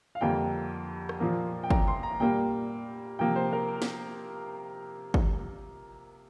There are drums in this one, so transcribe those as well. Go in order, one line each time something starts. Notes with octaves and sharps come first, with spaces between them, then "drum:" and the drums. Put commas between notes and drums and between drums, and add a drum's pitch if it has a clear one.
F5
F2 D3 G3 A#3 G5
drum: rim click
A#2 F3 A#3
G5
A#5, drum: kick
C6
A#5
A#2 G3 A#3 G5
C3 F3 A#3 G5
C5
A#4
drum: snare
drum: kick